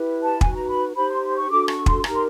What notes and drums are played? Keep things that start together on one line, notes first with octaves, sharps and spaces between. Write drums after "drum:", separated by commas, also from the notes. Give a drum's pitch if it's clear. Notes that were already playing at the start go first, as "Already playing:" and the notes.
Already playing: E4 G4 B4
A5
D#4 F#4 B4 G#5, drum: kick
A#5
B5
D#4 G4 C5 B5
C6
C6
C#6
D4 F#4 A4 D6
C#6, drum: rim click
C6, drum: kick
D#4 G4 A#4 A#5, drum: rim click
C6